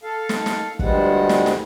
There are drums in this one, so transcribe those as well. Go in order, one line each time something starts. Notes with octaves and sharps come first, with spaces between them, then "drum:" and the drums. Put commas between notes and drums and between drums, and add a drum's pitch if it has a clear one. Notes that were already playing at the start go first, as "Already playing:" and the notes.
A4 F5
drum: snare
drum: snare
D2 G2 F3 G3 G#3 F#5, drum: kick
drum: snare
drum: snare